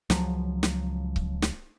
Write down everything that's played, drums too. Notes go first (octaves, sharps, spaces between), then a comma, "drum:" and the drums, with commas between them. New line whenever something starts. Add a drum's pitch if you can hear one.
C#2 F3 F#3, drum: snare
drum: snare
drum: kick C#1
drum: snare